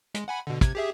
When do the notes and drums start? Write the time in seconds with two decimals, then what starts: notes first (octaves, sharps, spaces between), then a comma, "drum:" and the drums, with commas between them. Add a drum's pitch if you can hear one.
0.15 G#3, drum: hi-hat
0.28 F#5 G#5 B5
0.47 B2 D3
0.61 C3 G#6, drum: kick, hi-hat
0.75 G4 G#4 E5